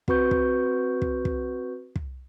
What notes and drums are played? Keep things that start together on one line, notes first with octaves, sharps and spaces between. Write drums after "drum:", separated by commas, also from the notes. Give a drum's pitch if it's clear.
C4 F#4 B4 C#6 G6, drum: kick
drum: kick
drum: kick
drum: kick
drum: kick